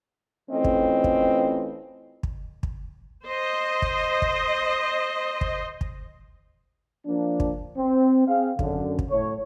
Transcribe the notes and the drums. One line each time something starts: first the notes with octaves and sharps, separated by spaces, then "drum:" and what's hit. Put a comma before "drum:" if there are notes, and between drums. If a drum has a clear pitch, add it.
E3 A3 C4 C#4 F4 D#5
drum: kick
drum: kick
drum: kick
drum: kick
C5 D#5
drum: kick
drum: kick
drum: kick
drum: kick
F3 A#3 D4
drum: kick
C4
C4 G#4 F5
F#2 D3, drum: kick
drum: kick
A2 A3 C#5